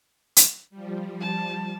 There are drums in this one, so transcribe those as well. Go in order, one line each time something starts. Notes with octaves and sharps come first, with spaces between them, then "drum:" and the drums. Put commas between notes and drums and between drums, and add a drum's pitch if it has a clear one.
drum: hi-hat
F3 G3
A5